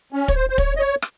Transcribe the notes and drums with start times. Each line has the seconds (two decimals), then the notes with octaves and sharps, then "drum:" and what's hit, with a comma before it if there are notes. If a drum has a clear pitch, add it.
0.13 C#4
0.28 C#5, drum: kick, hi-hat
0.36 C5
0.50 C5
0.58 C#5, drum: kick, hi-hat
0.76 D#5
0.79 C#5
1.02 drum: rim click